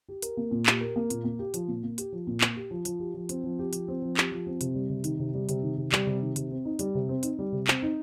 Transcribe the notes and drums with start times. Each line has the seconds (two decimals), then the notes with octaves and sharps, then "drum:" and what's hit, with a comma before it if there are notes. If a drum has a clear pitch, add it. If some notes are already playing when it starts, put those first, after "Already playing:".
0.09 G4
0.22 A#4, drum: hi-hat
0.37 A#3
0.51 A#2
0.66 G4, drum: clap
0.81 A#4
0.96 A#3
1.10 A#2, drum: hi-hat
1.24 A#3
1.39 G4
1.54 F3, drum: hi-hat
1.68 A#2
1.83 A#3
1.98 G4, drum: hi-hat
2.12 F3
2.27 A#2
2.41 A#3, drum: clap
2.56 G4
2.71 F3
2.85 F3, drum: hi-hat
2.99 G4
3.14 F3
3.29 C4, drum: hi-hat
3.44 F3
3.59 G4
3.73 F3, drum: hi-hat
3.88 C4
4.02 F3
4.17 G4, drum: clap
4.31 F3
4.47 C4
4.61 C3, drum: hi-hat
4.75 G3
4.89 C3
5.04 D#3, drum: hi-hat
5.19 C3
5.34 G3
5.49 C3, drum: hi-hat
5.63 D#3
5.78 C3
5.92 G3, drum: clap
6.07 C3
6.22 D#3
6.36 C3, drum: hi-hat
6.51 C4
6.65 D#4
6.79 G3, drum: hi-hat
6.95 C3
7.09 C4
7.23 D#4, drum: hi-hat
7.39 G3
7.52 C3
7.67 C4, drum: clap
7.82 D#4